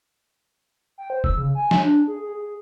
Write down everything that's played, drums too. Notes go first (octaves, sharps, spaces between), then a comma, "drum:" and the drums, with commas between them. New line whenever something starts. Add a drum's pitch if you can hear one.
G5
C5
E6, drum: kick
C#3
G#5
drum: snare
D4
G#4
G#4
G#4